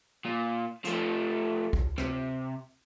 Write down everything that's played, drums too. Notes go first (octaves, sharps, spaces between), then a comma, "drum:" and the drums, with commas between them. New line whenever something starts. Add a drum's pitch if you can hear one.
A#2
F3 A3, drum: hi-hat
drum: kick B1
C3, drum: rim click